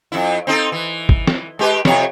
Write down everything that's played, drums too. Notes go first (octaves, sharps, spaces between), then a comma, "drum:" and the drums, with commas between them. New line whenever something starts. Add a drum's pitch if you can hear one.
F2 E4
C4 D#4 A4
E3
drum: kick
drum: snare
G#3 G4 B4
F2 C3 C#5, drum: snare